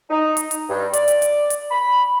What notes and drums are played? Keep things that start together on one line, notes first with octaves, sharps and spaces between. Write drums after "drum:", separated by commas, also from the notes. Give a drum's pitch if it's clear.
D#4
drum: hi-hat
drum: hi-hat
G2
D5, drum: hi-hat
drum: hi-hat
drum: hi-hat
drum: hi-hat
B5